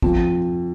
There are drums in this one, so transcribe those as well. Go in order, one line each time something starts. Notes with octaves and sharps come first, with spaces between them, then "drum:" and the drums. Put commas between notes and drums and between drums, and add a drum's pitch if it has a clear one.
F2, drum: kick